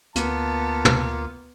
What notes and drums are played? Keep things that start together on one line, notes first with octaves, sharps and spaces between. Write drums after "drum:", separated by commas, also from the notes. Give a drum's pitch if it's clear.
D2 A#3 B3 F4 A5, drum: hi-hat
drum: tom